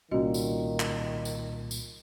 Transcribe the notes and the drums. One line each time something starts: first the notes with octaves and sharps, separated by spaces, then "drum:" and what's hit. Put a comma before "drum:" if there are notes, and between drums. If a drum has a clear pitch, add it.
C2 A#2 D#3 C#4 F#4 D#5
drum: tambourine
drum: clap
drum: tambourine
drum: tambourine